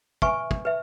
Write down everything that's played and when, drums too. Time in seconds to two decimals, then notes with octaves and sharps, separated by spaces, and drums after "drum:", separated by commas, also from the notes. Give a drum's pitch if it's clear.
0.22 B4 E5 G#5 C#6, drum: kick
0.51 drum: kick
0.65 B4 E5